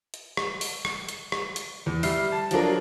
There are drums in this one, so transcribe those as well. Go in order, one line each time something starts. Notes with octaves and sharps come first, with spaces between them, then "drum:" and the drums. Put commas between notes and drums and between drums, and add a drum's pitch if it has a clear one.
drum: hi-hat
drum: rim click
drum: open hi-hat
drum: rim click
drum: hi-hat
drum: rim click
drum: hi-hat
E2
G3 E5 F6 C7, drum: open hi-hat
A5
F3 F#3 D4 A#4, drum: hi-hat